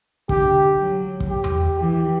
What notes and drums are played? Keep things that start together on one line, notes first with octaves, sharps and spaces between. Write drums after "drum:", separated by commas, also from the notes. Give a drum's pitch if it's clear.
D3 G4, drum: kick
F#3
drum: kick
G4
drum: tom E2
E3 G4